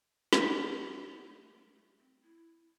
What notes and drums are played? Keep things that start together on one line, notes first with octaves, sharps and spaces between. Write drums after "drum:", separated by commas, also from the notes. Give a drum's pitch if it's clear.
drum: snare
E4
D4
C4
B3
A3
A3
G3
A3
C4
E4